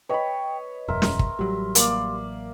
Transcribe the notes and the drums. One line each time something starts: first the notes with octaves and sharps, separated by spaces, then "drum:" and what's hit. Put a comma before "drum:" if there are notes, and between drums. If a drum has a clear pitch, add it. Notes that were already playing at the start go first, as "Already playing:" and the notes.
B4 C#5 D#5 G5 B5
E1 F#2 A#4 E5 C6
drum: snare
drum: kick
A1 F#3 G3
A#3 D5, drum: hi-hat